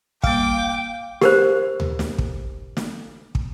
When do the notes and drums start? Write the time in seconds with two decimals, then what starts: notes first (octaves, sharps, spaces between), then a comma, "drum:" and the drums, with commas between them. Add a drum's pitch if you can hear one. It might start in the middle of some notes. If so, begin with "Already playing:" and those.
0.23 G3 A#3 F5 G5 D6, drum: kick
1.21 G4 A#4 C5, drum: snare
1.80 drum: tom D2
1.99 drum: snare
2.18 drum: kick
2.77 drum: snare
3.35 drum: kick